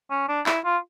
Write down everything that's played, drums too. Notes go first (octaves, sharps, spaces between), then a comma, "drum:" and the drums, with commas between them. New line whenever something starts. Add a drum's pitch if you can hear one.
C#4
D4
E4, drum: clap
F4